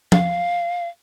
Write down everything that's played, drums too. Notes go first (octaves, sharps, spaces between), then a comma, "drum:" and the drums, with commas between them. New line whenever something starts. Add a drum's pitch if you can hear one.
F5, drum: tom F3